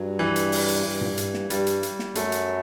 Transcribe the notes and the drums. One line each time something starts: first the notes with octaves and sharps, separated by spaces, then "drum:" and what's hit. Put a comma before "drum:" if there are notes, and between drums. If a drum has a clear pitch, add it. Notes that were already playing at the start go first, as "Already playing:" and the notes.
Already playing: G2 F#3
E3
drum: hi-hat
drum: open hi-hat
drum: hi-hat
G2
drum: tom
drum: hi-hat
drum: snare
G2 G3, drum: hi-hat
drum: hi-hat
drum: hi-hat
drum: snare
F#2 A3, drum: hi-hat
drum: hi-hat